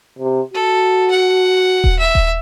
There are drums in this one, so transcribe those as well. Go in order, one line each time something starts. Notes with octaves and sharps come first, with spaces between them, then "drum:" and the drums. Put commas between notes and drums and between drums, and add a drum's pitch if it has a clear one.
C3
F#4 A4
F#5
drum: kick D#1
E5
drum: kick D#1